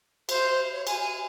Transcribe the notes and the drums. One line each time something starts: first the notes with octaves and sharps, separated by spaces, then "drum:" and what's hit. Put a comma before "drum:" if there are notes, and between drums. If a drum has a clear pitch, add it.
C5, drum: cymbal
C#5
G#5, drum: cymbal
G#5